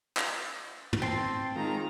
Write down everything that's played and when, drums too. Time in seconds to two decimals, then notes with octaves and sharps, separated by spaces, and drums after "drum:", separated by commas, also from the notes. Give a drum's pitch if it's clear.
0.17 drum: clap
0.93 drum: tom
1.02 C4 G5 A5 C6
1.56 D#3 G#3 F4 A#5